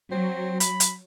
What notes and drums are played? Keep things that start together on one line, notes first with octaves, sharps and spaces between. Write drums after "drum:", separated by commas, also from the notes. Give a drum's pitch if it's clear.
F#3 C4
B5, drum: hi-hat
drum: hi-hat